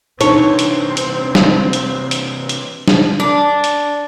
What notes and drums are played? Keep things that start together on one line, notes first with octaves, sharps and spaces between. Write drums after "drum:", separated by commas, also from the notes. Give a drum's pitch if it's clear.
C3 E3 C4 D4 D#4 C#5, drum: hi-hat
drum: hi-hat
drum: hi-hat
drum: snare
drum: hi-hat
drum: hi-hat
drum: hi-hat
drum: snare
D4
drum: hi-hat